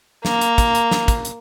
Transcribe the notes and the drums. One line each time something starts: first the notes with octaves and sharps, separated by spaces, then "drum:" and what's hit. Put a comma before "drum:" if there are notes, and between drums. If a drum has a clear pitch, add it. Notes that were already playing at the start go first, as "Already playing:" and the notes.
A#3, drum: snare
drum: hi-hat
drum: kick, hi-hat
drum: hi-hat
drum: snare
drum: kick, hi-hat
drum: hi-hat